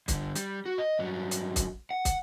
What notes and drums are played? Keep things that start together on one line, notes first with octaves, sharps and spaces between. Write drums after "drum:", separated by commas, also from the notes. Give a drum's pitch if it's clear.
G2 D3, drum: kick, hi-hat
G3, drum: hi-hat
F#4
D#5
G2 F#3
drum: hi-hat
drum: kick, hi-hat
F#5
drum: kick, hi-hat